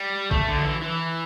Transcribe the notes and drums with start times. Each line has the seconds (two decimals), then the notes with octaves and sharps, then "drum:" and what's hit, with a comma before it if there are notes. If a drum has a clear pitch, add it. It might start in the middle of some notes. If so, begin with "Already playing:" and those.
Already playing: G3
0.31 A3, drum: kick A#1
0.48 D3
0.59 F#3
0.65 E3
0.82 E3